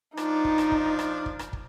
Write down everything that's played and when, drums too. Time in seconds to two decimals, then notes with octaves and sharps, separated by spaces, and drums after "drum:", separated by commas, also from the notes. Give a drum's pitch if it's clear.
0.17 F3 D4 D#4, drum: rim click
0.44 drum: kick
0.58 drum: rim click
0.72 drum: kick
0.99 drum: rim click
1.26 drum: kick
1.39 drum: rim click
1.53 drum: kick